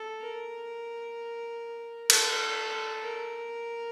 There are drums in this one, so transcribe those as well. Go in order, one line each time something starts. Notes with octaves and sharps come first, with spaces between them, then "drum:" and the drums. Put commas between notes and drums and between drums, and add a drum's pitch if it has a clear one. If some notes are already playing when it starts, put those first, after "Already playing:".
Already playing: A4
A#4
A4, drum: cymbal
A#4